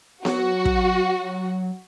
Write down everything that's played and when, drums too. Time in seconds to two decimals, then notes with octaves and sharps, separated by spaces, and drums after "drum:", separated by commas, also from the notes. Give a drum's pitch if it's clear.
0.25 F#3 F#4, drum: snare B3
0.65 drum: kick